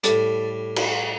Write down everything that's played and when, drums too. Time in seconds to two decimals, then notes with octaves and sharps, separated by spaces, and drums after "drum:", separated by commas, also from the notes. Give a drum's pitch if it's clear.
0.04 A2 G3 A4, drum: hi-hat
0.76 drum: cymbal